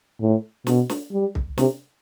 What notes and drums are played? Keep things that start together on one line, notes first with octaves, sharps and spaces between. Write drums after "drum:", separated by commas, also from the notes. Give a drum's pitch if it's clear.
A2
B2, drum: snare
drum: snare
G3
drum: kick C2
C3, drum: snare